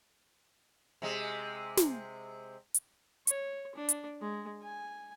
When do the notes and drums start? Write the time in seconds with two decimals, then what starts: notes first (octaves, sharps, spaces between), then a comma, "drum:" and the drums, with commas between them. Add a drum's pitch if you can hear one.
1.02 C3 G#3
1.77 drum: snare
2.74 drum: hi-hat
3.27 C#5, drum: hi-hat
3.76 D4
3.89 drum: hi-hat
4.21 G#3
4.63 G#5